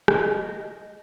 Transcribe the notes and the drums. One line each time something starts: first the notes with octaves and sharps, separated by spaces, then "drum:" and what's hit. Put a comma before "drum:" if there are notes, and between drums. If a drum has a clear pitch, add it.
D#5, drum: rim click